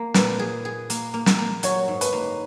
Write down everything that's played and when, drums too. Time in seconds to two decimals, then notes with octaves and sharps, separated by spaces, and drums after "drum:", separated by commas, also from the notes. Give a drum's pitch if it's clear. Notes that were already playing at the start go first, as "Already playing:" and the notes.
Already playing: A#3
0.14 A#2 B4, drum: snare
0.39 G#4
0.65 G#4
0.90 A#3, drum: hi-hat
1.14 A#3
1.26 drum: snare
1.38 A#3
1.63 F#3 C#5, drum: hi-hat
1.88 G#2
2.01 B4, drum: hi-hat
2.13 A#3